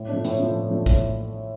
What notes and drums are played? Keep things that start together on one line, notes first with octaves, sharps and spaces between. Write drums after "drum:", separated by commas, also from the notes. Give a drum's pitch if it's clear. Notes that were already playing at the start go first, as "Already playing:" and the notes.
Already playing: A2
F3 A3 D4
A2, drum: hi-hat
F3 A3 D4
A2
F3 A3 D4
A2, drum: kick, hi-hat